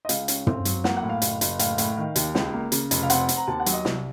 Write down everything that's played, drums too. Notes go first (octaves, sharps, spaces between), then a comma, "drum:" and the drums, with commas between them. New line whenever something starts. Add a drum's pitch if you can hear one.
D#5
C#2 F5, drum: hi-hat
C#4, drum: hi-hat
C4, drum: tom
F#3, drum: hi-hat
A#3 F#5, drum: snare
F#5
A2
F5
F#1, drum: hi-hat
F#1, drum: hi-hat
A2 F5, drum: hi-hat
A2, drum: hi-hat
D#3
D#2, drum: hi-hat
C#2, drum: snare
A#3
C#3, drum: hi-hat
F1, drum: hi-hat
F5
C4 F#5, drum: hi-hat
C4, drum: hi-hat
A#5
D#2 A5
F#5
F#3, drum: hi-hat
D#5
C2, drum: snare